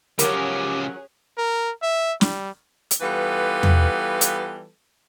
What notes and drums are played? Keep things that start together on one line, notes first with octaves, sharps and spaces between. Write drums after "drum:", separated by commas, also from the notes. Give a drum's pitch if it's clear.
C#3 F3 F#3 C#4 G4 G#4 A#4 D6, drum: hi-hat
A#4
E5
G3, drum: snare
drum: hi-hat
E3 G3 B3 F4 A4 B4
drum: tom E2
drum: hi-hat